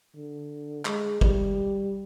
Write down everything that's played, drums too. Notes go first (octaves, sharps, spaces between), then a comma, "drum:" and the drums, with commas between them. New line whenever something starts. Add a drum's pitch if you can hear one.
D3
G#3, drum: clap
G3, drum: kick